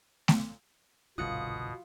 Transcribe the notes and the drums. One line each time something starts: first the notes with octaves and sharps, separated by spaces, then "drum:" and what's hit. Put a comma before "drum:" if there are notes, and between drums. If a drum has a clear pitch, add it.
drum: snare A3
G1 C2 G#2 B2 F4 D#6 F#6 C#7